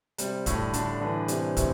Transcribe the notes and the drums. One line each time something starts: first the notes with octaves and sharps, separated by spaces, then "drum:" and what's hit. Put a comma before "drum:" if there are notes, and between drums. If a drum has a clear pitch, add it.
C3 G3, drum: hi-hat
A2 D3, drum: kick, hi-hat
D3 D4, drum: hi-hat
D3 E3
C3 G3, drum: hi-hat
A2 C3, drum: kick, hi-hat